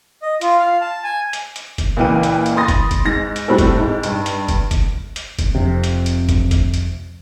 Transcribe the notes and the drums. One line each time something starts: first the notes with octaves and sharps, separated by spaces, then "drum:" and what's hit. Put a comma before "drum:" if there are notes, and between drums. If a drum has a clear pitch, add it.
D#5
F4, drum: hi-hat
F5
A5
G#5
drum: hi-hat
drum: hi-hat
drum: kick, hi-hat
C#2 A#2 E3 G5 D#7
drum: hi-hat
drum: hi-hat
B5 C6 D#6 A6 A#6
drum: kick, hi-hat
drum: kick, hi-hat
G#2 A#6
drum: hi-hat
A2 G3 C4 F#4 A4
drum: kick, hi-hat
G#2
G2, drum: hi-hat
drum: hi-hat
drum: kick, hi-hat
drum: kick, hi-hat
drum: hi-hat
drum: kick, hi-hat
F1 F2 C3
drum: hi-hat
drum: hi-hat
drum: kick, hi-hat
drum: kick, hi-hat
drum: hi-hat